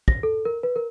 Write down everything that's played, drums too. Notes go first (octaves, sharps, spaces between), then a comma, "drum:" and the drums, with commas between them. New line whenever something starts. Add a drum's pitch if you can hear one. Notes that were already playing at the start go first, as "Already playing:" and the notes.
A#6, drum: kick
A4
A#4
B4
A#4